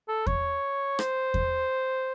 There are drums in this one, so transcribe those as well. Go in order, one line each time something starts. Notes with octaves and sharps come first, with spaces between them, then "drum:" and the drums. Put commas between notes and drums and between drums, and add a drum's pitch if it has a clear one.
A4
C#5, drum: kick E2
C5, drum: rim click
drum: kick E2